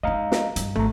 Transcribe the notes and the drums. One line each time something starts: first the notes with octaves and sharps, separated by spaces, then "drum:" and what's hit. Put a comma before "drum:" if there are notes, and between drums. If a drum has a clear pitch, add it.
G#3 D#4 D#5 F5 A#5
drum: snare
G2, drum: hi-hat
G#1 A3 A#5